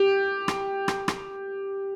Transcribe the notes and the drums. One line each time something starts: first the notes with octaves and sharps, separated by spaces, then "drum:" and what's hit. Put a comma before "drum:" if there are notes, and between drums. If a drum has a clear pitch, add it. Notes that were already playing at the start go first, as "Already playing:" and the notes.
Already playing: G4
drum: rim click
drum: rim click
drum: rim click